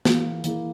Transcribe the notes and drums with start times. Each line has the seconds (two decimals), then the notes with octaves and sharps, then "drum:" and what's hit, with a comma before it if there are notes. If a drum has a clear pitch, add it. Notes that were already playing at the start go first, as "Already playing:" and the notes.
0.05 E3 A#3 E4 G#4, drum: snare
0.44 E3 A#3 E4 G#4, drum: hi-hat